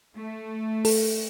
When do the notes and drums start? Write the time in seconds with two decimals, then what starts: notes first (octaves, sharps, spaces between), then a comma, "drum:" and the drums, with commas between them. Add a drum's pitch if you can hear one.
0.17 A3
0.85 A4, drum: open hi-hat